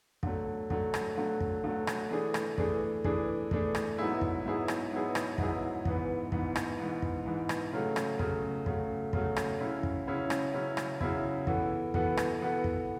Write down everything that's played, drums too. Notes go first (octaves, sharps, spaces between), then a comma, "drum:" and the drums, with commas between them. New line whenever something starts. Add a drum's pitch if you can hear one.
D3 F#3 A3, drum: kick
D3 F#3 A3, drum: kick
drum: rim click
D3 F#3 A3
drum: kick
D3 F#3 A3
drum: rim click
E3 A3 D4 G#4
drum: rim click
E3 A3 D4 G#4, drum: kick
E3 A3 D4 G#4, drum: kick
E3 A3 D4 G#4, drum: kick
drum: rim click
G#2 F#3 B3 E4 G#4
drum: kick
G#2 F#3 B3 E4 G#4
drum: rim click
G#2 F#3 B3 E4 G#4
drum: rim click
G#2 F#3 B3 E4 G#4, drum: kick
G#2 E3 B3, drum: kick
G#2 E3 B3, drum: kick
drum: rim click
G#2 E3 B3
drum: kick
G#2 E3 B3
drum: rim click
C#3 F#3 A3
drum: rim click
C#3 F#3 A3, drum: kick
C#3 F#3 A3, drum: kick
C#3 F#3 A3, drum: kick
drum: rim click
C#3 F#3 C#4 E4
drum: kick
C#3 F#3 C#4 E4
drum: rim click
C#3 F#3 C#4 E4
drum: rim click
C#3 F#3 C#4 E4, drum: kick
E3 B3 F#4 A4, drum: kick
E3 B3 F#4 A4, drum: kick
drum: rim click
E3 B3 F#4 A4
drum: kick